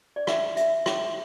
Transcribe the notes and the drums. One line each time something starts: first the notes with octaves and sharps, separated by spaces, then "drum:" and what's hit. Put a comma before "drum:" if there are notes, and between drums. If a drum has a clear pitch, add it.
D5
D4 E5, drum: rim click
E5, drum: hi-hat
drum: rim click